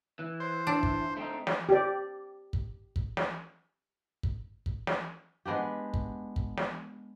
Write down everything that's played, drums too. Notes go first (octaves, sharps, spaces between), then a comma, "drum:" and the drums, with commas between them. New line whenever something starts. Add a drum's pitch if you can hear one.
E3
C5
D4
drum: kick
A3 C4 D#4
drum: snare
G4 D5
drum: kick
drum: kick
drum: snare
drum: kick
drum: kick
drum: snare
G#3 B3 D4 G4
drum: kick
drum: kick
drum: snare